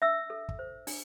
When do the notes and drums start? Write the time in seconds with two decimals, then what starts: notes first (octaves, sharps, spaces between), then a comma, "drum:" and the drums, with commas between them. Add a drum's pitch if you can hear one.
0.02 D4 E5 E6
0.30 A4
0.49 drum: kick
0.59 C5
0.87 D4, drum: open hi-hat